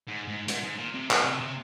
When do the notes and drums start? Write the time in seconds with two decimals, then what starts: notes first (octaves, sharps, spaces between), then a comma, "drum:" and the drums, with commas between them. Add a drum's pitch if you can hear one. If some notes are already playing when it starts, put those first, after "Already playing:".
0.08 G#2
0.28 G#2
0.48 G#2, drum: hi-hat
0.64 G#2
0.79 A#2
0.95 C3
1.11 A#2, drum: clap
1.25 C3
1.40 C3